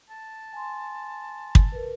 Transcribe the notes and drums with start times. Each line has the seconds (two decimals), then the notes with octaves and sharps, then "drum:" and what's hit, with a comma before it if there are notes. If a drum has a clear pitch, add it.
0.10 A5
0.53 G#5 C6
1.55 drum: kick
1.72 A#4 B4